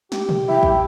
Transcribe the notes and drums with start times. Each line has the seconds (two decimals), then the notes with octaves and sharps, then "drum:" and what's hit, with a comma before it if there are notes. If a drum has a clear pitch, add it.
0.12 G4, drum: snare
0.29 drum: tom
0.49 E4 G5
0.63 drum: kick